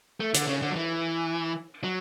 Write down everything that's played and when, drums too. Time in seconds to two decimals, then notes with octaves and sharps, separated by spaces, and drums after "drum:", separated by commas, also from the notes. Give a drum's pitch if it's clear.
0.20 A3
0.34 D3, drum: hi-hat
0.48 C#3
0.62 D3
0.70 F#3
0.76 E3
1.84 F#3